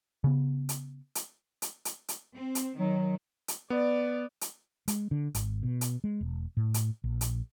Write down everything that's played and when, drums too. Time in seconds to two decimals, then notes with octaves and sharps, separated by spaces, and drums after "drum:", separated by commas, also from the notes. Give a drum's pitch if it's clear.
0.24 C#3 B3
0.69 drum: hi-hat
1.15 drum: hi-hat
1.62 drum: hi-hat
1.85 drum: hi-hat
2.08 drum: hi-hat
2.34 C4
2.55 drum: hi-hat
2.78 D#3 F#3
3.48 drum: hi-hat
3.70 B3 D5
4.41 drum: hi-hat
4.88 G#3, drum: hi-hat
5.11 D3
5.35 G#1, drum: hi-hat
5.63 B2
5.81 drum: hi-hat
6.04 G#3
6.21 E1
6.57 A2
6.74 drum: hi-hat
7.04 A#1
7.21 drum: hi-hat